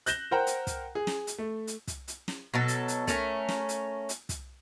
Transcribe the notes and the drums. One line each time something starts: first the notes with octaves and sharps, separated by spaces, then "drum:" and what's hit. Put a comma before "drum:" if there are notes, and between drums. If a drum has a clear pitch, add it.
F#6 G6 A#6 E7 G7, drum: hi-hat
A#4 C5 F#5 G5 A#5
drum: hi-hat
drum: kick, hi-hat
G#4
drum: snare
drum: hi-hat
A3
drum: hi-hat
drum: kick, hi-hat
drum: hi-hat
drum: snare
B2 F#3 A4
drum: hi-hat
drum: hi-hat
A3 C#4 A#4, drum: kick, hi-hat
drum: snare
drum: hi-hat
drum: hi-hat
drum: kick, hi-hat